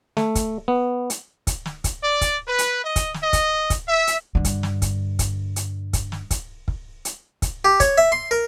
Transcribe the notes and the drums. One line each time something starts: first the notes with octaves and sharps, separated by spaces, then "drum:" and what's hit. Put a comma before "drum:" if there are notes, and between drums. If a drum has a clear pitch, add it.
A3, drum: snare
drum: kick, hi-hat
B3
drum: hi-hat
drum: kick, hi-hat
drum: snare
drum: kick, hi-hat
D5
drum: kick, hi-hat
B4
drum: hi-hat
D#5
drum: kick, hi-hat
drum: snare
D#5
drum: kick, hi-hat
drum: kick, hi-hat
E5
drum: hi-hat
G2 D3
drum: kick, hi-hat
drum: snare
drum: kick, hi-hat
drum: kick, hi-hat
drum: hi-hat
drum: kick, hi-hat
drum: snare
drum: kick, hi-hat
drum: kick
drum: hi-hat
drum: kick, hi-hat
G4
C#5, drum: kick, hi-hat
E5
C6
A#4